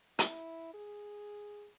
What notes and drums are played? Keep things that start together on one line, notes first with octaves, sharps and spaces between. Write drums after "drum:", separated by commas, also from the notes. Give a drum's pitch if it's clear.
E4, drum: hi-hat
G#4